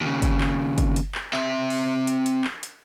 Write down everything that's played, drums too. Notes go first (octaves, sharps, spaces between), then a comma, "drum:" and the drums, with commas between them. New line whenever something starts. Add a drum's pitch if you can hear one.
D#2 C#3
drum: kick, hi-hat
drum: clap
drum: kick, hi-hat
drum: hi-hat
drum: clap
C4 E5, drum: clap
drum: open hi-hat
drum: hi-hat
drum: hi-hat
drum: clap
drum: hi-hat